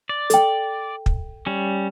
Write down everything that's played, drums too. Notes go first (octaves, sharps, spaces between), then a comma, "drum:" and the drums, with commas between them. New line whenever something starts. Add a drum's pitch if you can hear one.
D5
A4 G5, drum: hi-hat
drum: kick
G3 C#4